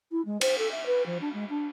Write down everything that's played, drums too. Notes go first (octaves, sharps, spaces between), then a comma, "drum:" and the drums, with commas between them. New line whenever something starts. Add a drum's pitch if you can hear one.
E4
G#3
C5, drum: cymbal
A4
E5
B4
F3
D4
G#3
D4